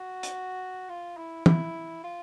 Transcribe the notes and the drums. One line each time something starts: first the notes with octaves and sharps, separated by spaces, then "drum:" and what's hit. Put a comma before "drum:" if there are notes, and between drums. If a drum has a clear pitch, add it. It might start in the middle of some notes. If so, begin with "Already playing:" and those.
Already playing: F#4
drum: hi-hat
F4
E4
E4, drum: tom
F4